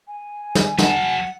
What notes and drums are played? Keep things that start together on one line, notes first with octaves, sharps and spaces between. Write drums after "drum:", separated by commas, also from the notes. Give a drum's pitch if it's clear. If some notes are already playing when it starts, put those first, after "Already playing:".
G#5
drum: snare
F#3 F#5 A5, drum: snare